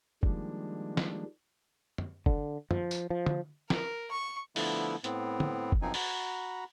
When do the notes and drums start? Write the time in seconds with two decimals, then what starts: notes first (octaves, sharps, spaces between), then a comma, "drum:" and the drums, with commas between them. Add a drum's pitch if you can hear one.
0.23 D#3 F3 G3 G#3 A#3 D4, drum: kick
0.97 drum: snare
1.98 drum: tom
2.26 D3, drum: kick
2.71 F3, drum: tom
2.91 drum: tambourine
3.10 F3
3.26 drum: tom
3.70 A#4, drum: snare
4.11 C#6
4.56 D3 F3 A3 B3 E4, drum: open hi-hat
5.04 A2 B3 C4, drum: hi-hat
5.40 drum: tom
5.72 drum: kick
5.82 F#2 B2 F3 C4 D#4 G#5
5.94 F#4 A#5 B5, drum: open hi-hat